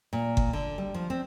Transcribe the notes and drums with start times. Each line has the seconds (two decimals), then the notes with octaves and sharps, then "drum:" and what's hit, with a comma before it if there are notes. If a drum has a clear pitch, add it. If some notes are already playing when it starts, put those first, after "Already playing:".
0.13 A#2
0.37 drum: kick G1
0.53 D3
0.78 G3
0.94 F3
1.10 C4